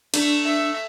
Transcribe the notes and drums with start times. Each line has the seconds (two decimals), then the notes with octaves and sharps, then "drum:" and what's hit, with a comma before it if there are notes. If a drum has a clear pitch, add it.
0.14 A3 D4, drum: cymbal
0.44 E5